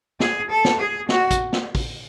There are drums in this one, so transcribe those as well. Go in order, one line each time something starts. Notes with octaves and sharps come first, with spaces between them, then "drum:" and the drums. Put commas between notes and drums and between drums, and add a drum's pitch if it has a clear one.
G#4, drum: snare
A4
drum: snare
G#4
F#4, drum: snare
drum: kick, hi-hat
drum: snare
drum: kick, open hi-hat